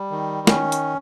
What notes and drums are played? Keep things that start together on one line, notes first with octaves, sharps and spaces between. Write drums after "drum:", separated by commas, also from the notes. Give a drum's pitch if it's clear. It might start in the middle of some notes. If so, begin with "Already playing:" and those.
Already playing: G3
D#3
C#4, drum: snare
drum: hi-hat